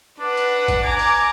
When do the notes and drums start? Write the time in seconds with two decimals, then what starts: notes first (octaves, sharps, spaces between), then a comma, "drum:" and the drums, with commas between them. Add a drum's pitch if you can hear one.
0.19 D4 B4 F#5
0.37 drum: hi-hat
0.68 drum: kick, hi-hat
0.84 G#5 A#5 D6
0.99 drum: open hi-hat